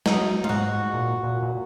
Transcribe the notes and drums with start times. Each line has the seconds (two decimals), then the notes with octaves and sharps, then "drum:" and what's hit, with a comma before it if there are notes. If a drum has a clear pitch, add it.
0.06 F#3 D#4, drum: snare
0.44 F4, drum: tom G#3
0.49 G#2 F#4
0.94 A#2
1.24 A#2
1.42 A#2